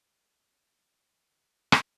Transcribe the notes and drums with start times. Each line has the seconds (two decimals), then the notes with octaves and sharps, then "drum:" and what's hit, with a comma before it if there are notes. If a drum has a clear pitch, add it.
0.08 E3
0.23 D#4
0.39 C#4
0.54 A#3
0.73 D4
0.87 C#3
1.09 C4
1.22 A#4
1.38 A#2
1.72 drum: rim click
1.84 G4